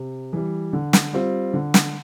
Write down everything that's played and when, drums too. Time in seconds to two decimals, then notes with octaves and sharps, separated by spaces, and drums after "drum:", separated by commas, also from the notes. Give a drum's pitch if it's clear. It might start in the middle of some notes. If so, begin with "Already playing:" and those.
Already playing: C3
0.33 E3 G3
0.73 D3
0.93 drum: snare
1.13 G3 C4 F4
1.54 D3
1.74 drum: snare